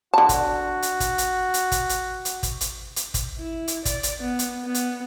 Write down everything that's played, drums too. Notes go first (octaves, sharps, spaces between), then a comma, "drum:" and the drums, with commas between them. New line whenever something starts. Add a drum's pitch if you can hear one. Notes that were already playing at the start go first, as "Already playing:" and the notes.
D3 F#4 A5
drum: kick, hi-hat
drum: hi-hat
drum: kick, hi-hat
drum: hi-hat
drum: hi-hat
drum: kick, hi-hat
drum: hi-hat
drum: hi-hat
drum: kick, hi-hat
drum: hi-hat
drum: hi-hat
drum: kick, hi-hat
E4
drum: hi-hat
D5, drum: kick, hi-hat
drum: hi-hat
B3
drum: hi-hat
B3
drum: hi-hat